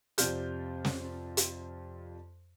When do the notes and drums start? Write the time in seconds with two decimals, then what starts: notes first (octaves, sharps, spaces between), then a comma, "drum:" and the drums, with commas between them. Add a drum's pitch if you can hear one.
0.18 F2 C3 F4 D5 F6 G6, drum: hi-hat
0.85 drum: snare
1.37 drum: hi-hat